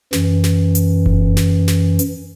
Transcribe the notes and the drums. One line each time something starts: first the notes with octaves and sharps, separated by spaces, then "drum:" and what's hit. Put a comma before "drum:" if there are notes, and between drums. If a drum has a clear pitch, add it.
F#2 E3, drum: snare
drum: snare
drum: hi-hat
drum: kick F1
drum: snare
drum: snare
drum: hi-hat